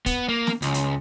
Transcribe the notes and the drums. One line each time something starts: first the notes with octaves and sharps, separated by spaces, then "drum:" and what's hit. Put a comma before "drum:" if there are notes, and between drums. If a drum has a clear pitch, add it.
B3, drum: kick, hi-hat
A#3
drum: snare
C#2, drum: hi-hat
drum: hi-hat